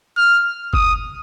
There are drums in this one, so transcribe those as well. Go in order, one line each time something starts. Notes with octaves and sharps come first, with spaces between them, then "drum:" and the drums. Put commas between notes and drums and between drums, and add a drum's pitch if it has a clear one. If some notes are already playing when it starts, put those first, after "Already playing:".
F6
D#6, drum: kick F#1